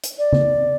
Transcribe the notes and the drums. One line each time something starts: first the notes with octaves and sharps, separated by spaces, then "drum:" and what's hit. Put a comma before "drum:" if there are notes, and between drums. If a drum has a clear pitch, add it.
drum: hi-hat
D5
drum: tom C#3